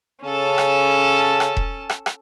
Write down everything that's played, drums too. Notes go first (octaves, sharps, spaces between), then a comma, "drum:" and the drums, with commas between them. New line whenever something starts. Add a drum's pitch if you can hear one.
C#3 C#4 A4 A5
drum: rim click
drum: rim click
drum: kick E1
drum: rim click
drum: rim click